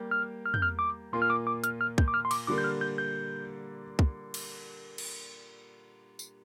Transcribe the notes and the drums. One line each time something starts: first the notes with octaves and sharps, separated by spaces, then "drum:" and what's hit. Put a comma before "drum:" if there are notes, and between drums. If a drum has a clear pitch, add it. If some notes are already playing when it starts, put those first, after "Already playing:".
Already playing: G3 A#3 G4
F6
F6
G6, drum: tom
F6
D6
A#2 A#3 F4 C6
F6
D6
D6
F6, drum: hi-hat
F6
G6, drum: kick
D6
F6
C6
D6, drum: cymbal
D3 G3 A#3 D6
G6
F6
G6
G6
drum: kick
drum: cymbal
drum: cymbal
drum: tambourine